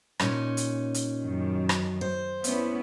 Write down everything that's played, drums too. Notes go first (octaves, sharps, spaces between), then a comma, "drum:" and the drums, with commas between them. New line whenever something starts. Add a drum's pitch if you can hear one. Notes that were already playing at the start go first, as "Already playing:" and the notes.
A#2 C#4 D#4, drum: rim click
drum: hi-hat
drum: hi-hat
F#2 D#3
drum: rim click
C5
B3 C#4 E4, drum: hi-hat